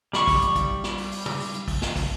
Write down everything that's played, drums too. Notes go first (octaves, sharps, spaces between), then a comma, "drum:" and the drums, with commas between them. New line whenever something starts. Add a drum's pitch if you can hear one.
G3 B5 C#6, drum: snare
drum: kick, open hi-hat
drum: hi-hat
drum: kick, hi-hat
drum: snare
drum: open hi-hat
drum: open hi-hat
drum: tom
drum: open hi-hat
drum: hi-hat
drum: kick, open hi-hat
drum: snare
drum: kick, open hi-hat